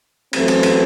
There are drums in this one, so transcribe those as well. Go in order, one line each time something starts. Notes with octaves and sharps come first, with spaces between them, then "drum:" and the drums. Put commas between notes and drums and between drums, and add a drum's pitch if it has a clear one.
F#2 E3 A3 C4, drum: cymbal
drum: cymbal
drum: cymbal